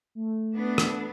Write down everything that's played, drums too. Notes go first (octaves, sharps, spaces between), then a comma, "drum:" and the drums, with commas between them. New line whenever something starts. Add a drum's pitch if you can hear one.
A3
B3 D4
drum: rim click